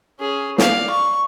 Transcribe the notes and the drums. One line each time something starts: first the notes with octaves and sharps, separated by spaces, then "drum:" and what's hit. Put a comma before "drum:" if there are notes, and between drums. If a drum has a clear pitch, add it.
C#4 G#4
D5 F5, drum: snare
C#6